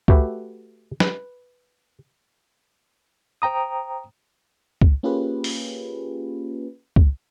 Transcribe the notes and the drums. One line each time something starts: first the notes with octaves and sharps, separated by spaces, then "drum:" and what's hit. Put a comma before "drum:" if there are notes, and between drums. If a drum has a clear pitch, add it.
A3 F#4 G4 B4 E5 G5, drum: kick C#2
B4, drum: snare
C5 G5 A#5 D#6
drum: kick C#2
A#3 C#4 F4 G4 G#4 B4
drum: open hi-hat
drum: kick C#2